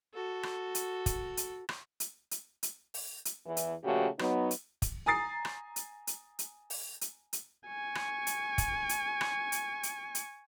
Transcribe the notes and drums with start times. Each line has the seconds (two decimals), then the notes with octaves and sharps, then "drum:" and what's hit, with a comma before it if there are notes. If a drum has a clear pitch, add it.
0.14 F#4 A4
0.43 drum: rim click
0.75 drum: hi-hat
1.06 drum: kick, hi-hat
1.37 drum: hi-hat
1.69 drum: rim click
2.00 drum: hi-hat
2.31 drum: hi-hat
2.63 drum: hi-hat
2.94 drum: open hi-hat
3.25 drum: hi-hat
3.46 E2 E3
3.57 drum: hi-hat
3.84 A#2 C#3 F3 A3 F#4 G4
4.19 F#3 B3 D#4, drum: rim click
4.51 drum: hi-hat
4.82 drum: kick, hi-hat
5.06 G#5 A#5 D#6 A6 C7
5.45 drum: rim click
5.76 drum: hi-hat
6.07 drum: hi-hat
6.39 drum: hi-hat
6.70 drum: open hi-hat
7.01 drum: hi-hat
7.33 drum: hi-hat
7.68 G#5 C#6
7.95 drum: rim click
8.27 drum: hi-hat
8.58 drum: kick, hi-hat
8.89 drum: hi-hat
9.21 drum: rim click
9.52 drum: hi-hat
9.83 drum: hi-hat
10.15 drum: hi-hat